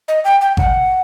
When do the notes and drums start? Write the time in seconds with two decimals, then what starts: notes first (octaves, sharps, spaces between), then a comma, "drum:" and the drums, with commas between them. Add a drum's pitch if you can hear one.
0.08 D#5
0.24 G5
0.41 G5
0.57 F#5, drum: kick G#1